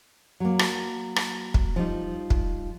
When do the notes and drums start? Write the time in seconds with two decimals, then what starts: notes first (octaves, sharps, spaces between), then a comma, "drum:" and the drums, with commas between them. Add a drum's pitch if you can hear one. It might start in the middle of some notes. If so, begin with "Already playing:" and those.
0.40 F#3 A#3
0.59 drum: rim click
1.16 drum: rim click
1.54 drum: kick
1.76 F3 G3 D#4
2.30 drum: kick